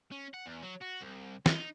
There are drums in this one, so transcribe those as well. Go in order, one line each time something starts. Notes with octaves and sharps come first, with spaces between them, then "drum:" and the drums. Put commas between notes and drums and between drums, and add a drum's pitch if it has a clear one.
C#4
F#5
E2
F#3
F#4
C2
D#4, drum: snare